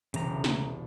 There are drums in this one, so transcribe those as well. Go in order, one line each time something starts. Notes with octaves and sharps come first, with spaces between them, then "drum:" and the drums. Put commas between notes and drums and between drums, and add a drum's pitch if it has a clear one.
E1 C2 C#3 E3 A#5, drum: hi-hat
drum: snare